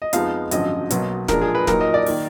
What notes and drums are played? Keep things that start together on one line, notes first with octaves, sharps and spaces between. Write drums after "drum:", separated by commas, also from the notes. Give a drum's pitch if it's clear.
D#5
F2 F3 G#3 B3 D#4 F5, drum: hi-hat
G#1 F#2 D3 F3 D#5, drum: hi-hat
B1 B2 F#3 A#3, drum: hi-hat
A#2 F3 G#3 D4 A#4, drum: snare
G#4
B4
A#2 F#3 A#3 D#4 A#4, drum: snare
D#5
D5
D#3 A#3, drum: open hi-hat